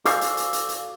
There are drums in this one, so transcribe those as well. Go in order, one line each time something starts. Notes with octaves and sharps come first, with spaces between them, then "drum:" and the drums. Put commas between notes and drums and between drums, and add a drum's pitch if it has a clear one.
F#4 A4 C5 D5 F5 G#5, drum: hi-hat
drum: hi-hat
drum: hi-hat
drum: hi-hat
drum: hi-hat